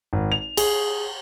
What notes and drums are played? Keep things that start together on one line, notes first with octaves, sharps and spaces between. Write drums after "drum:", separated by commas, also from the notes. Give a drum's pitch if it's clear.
G#1
F7
G#4, drum: cymbal